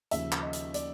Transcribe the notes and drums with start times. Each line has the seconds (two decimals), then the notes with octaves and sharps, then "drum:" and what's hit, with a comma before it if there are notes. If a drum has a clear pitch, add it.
0.11 D#2 C#3 F3 E5, drum: hi-hat
0.32 drum: clap
0.43 D#5
0.53 drum: hi-hat
0.74 D5, drum: hi-hat